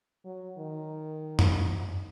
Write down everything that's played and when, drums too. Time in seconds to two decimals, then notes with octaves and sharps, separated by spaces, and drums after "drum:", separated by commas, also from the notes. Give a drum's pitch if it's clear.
0.25 F#3
0.58 D#3
1.39 drum: tom F#2